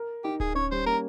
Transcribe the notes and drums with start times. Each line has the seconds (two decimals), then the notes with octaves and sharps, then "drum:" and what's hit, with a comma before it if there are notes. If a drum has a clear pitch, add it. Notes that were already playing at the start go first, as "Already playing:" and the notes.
Already playing: A#4
0.24 D#4 G4
0.40 G#4, drum: kick D1
0.55 C#4 C#5
0.71 G3 C5
0.86 A#3 A#4